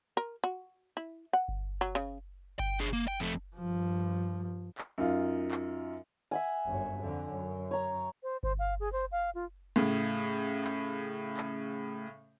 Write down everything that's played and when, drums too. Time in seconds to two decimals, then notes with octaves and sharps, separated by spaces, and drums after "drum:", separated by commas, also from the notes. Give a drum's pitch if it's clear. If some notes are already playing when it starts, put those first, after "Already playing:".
0.17 A#4
0.44 F#4
0.97 E4
1.33 F#5
1.48 drum: kick G1
1.81 F#3
1.95 C#3
2.59 G5, drum: kick G1
2.80 D4 G#4
2.93 A#3
3.08 G5
3.20 F2 A3
3.56 G2 F3
4.78 drum: clap
4.98 F#2 D#4 F4
5.51 drum: clap
6.31 E5 F#5 G#5
6.66 G1 F#2
7.01 F2 D3
7.31 F#2
7.71 C#5 A#5
8.23 C5
8.43 C5, drum: kick G1
8.59 F5
8.80 G#4
8.92 C5
9.12 F5
9.35 F4
9.76 A2 C#3
10.64 drum: clap
11.37 drum: clap